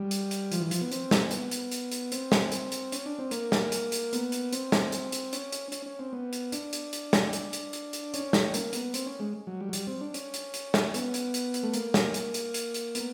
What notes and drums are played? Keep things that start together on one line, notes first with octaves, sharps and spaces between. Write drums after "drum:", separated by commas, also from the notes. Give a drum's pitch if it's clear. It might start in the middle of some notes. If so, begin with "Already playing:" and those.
Already playing: G3
drum: hi-hat
drum: hi-hat
F3, drum: hi-hat
E3
F3, drum: hi-hat
B3
C4, drum: hi-hat
drum: snare
B3, drum: hi-hat
drum: hi-hat
drum: hi-hat
drum: hi-hat
C4, drum: hi-hat
drum: snare
drum: hi-hat
drum: hi-hat
C#4, drum: hi-hat
D4
C4
A#3, drum: hi-hat
drum: snare
drum: hi-hat
drum: hi-hat
B3, drum: hi-hat
drum: hi-hat
C4, drum: hi-hat
drum: snare
drum: hi-hat
drum: hi-hat
C#4, drum: hi-hat
drum: hi-hat
C#4, drum: hi-hat
C#4
C4
B3
drum: hi-hat
D4, drum: hi-hat
drum: hi-hat
drum: hi-hat
drum: snare
drum: hi-hat
drum: hi-hat
drum: hi-hat
drum: hi-hat
C#4, drum: hi-hat
drum: snare
A#3, drum: hi-hat
B3, drum: hi-hat
C4, drum: hi-hat
C#4
G#3
F#3
G3
F#3
G3, drum: hi-hat
C4
D4
C#4, drum: hi-hat
drum: hi-hat
drum: hi-hat
drum: snare
B3, drum: hi-hat
drum: hi-hat
drum: hi-hat
drum: hi-hat
A3
A#3, drum: hi-hat
drum: snare
drum: hi-hat
drum: hi-hat
drum: hi-hat
drum: hi-hat
B3, drum: hi-hat